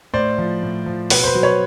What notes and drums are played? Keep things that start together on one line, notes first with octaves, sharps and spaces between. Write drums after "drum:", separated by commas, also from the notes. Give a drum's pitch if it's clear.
A2 C5 D5
F3
A2
F3
B2 B4, drum: open hi-hat
C5
B4
F#3
B4 C#5